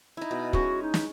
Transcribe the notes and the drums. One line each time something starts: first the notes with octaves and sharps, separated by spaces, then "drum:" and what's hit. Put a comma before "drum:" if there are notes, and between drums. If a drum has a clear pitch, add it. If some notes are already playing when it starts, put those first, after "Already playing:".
D#4 E4
B2
G#3 C#4 F#4, drum: kick
D#4
drum: snare